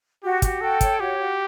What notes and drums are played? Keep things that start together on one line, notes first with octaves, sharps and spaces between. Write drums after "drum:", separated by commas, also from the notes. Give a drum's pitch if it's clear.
F#4 G4
F#4, drum: kick, hi-hat
A4 G5
C#5, drum: kick, hi-hat
F#4 G4
F#4